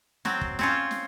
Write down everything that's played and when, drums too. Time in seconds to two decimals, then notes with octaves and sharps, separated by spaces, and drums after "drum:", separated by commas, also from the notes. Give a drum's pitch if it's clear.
0.25 F#3 C4, drum: snare
0.41 drum: kick
0.59 C4 C#4 F4, drum: snare
0.91 drum: snare